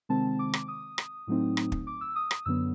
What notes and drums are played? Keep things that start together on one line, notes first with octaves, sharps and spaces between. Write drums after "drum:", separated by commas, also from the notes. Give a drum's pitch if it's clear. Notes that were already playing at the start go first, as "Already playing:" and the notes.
C3 D#3 G#3 C4 A5
D6
drum: rim click
D#6
drum: rim click
A2 F#3 A3 C4 D#4
drum: rim click
drum: kick
D6
E6
D#6
D#6, drum: rim click
F#2 D3 F#3 B3 E6